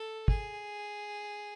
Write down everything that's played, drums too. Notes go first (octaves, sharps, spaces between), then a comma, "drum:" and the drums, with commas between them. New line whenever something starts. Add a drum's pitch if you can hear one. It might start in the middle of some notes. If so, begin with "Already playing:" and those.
Already playing: A4
G#4, drum: kick